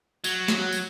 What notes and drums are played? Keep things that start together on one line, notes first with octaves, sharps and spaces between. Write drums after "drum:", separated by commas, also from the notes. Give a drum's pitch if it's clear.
F#3, drum: tambourine
drum: snare
drum: tambourine